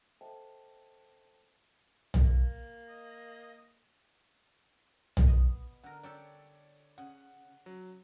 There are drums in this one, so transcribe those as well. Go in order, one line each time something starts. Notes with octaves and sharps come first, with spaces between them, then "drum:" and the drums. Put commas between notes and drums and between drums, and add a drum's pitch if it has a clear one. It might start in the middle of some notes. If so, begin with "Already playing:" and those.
A4 C5 D#5 E5 G5 A5
drum: tom B1
A#3
D#5
drum: tom B1
B3 D#5
D3 A#4 F#5 F6
D4 G4 A4 C#5 D5
C#3 F#5
F#3